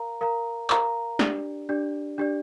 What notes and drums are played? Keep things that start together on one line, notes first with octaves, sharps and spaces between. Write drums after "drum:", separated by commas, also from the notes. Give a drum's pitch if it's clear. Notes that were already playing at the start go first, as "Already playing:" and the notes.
Already playing: A#4 F5 A#5
A#4 F5 A#5
A#4 F5 A#5, drum: clap
D4 G4 D5, drum: snare
D4 G4 D5
D4 G4 D5